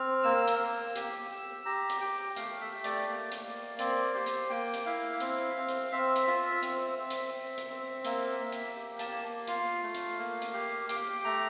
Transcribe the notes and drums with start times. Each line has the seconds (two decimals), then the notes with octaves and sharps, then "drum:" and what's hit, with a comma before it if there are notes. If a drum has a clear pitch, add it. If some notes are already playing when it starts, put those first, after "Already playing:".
Already playing: C4 F6
0.23 A#3 E6
0.48 drum: hi-hat
0.59 A#3
0.96 G4, drum: hi-hat
1.31 G4
1.65 G4 A#5
1.90 drum: hi-hat
2.01 G4 G5
2.30 G5
2.36 A3 F5, drum: hi-hat
2.61 E5
2.72 G4
2.84 D5, drum: hi-hat
3.07 A#3
3.32 drum: hi-hat
3.43 A#3
3.79 C4 D5, drum: hi-hat
4.14 G4 C5
4.26 drum: hi-hat
4.50 A#3 G5
4.74 drum: hi-hat
4.86 E4 F5
5.20 C4, drum: hi-hat
5.57 C4
5.68 drum: hi-hat
5.92 C4 E5
6.16 drum: hi-hat
6.27 F4 E5
6.63 C4, drum: hi-hat
6.99 C4
7.10 drum: hi-hat
7.34 C4
7.58 drum: hi-hat
7.70 C4
8.05 A#3 E5, drum: hi-hat
8.41 A#3
8.52 drum: hi-hat
8.76 G4
8.99 A5, drum: hi-hat
9.12 A#3
9.48 F4 F5, drum: hi-hat
9.83 A3
9.95 drum: hi-hat
10.19 A#3
10.42 drum: hi-hat
10.54 G4
10.89 G4 G5, drum: hi-hat
11.25 A3 A#5